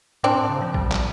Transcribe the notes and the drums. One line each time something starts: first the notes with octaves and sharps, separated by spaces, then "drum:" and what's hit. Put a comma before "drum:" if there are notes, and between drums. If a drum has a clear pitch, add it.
A2 C4 D4
C#3
F3
G3, drum: kick
drum: clap